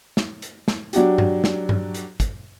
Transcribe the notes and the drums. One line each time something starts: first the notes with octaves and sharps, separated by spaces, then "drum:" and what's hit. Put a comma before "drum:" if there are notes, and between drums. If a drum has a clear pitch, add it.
drum: snare
drum: hi-hat
drum: snare
F#3 D4 F#4 G4, drum: hi-hat
drum: tom G2
drum: snare
drum: tom G2
drum: hi-hat
drum: kick, hi-hat